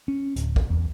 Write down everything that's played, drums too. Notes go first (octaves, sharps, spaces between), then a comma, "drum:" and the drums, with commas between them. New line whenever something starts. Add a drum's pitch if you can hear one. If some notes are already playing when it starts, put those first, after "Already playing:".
C#4
D1, drum: hi-hat
drum: kick
E2